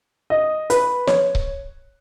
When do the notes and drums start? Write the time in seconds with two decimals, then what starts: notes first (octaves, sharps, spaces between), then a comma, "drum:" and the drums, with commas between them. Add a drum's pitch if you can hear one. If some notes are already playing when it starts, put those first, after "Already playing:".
0.30 D#5
0.70 B4, drum: hi-hat
1.07 C#5, drum: snare
1.35 drum: kick C#1